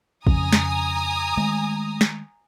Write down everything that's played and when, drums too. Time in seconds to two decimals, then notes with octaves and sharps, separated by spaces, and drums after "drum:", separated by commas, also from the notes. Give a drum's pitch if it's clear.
0.27 F2 C#3 G#5 A#5 D#6, drum: kick
0.53 drum: snare
1.37 D#3 G#3 A3
2.01 drum: snare